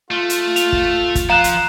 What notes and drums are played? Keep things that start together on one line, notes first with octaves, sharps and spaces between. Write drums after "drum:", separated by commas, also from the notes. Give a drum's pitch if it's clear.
A3 F4
drum: hi-hat
F7, drum: hi-hat
drum: kick
drum: kick, hi-hat
F3 F5 A#5 F#6 E7
drum: hi-hat